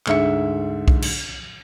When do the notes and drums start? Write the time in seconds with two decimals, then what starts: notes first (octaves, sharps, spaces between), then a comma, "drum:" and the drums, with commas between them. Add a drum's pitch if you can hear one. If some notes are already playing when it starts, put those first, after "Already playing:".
0.07 D2 G#2 E5 C#7, drum: clap
0.88 drum: kick B1
1.02 drum: cymbal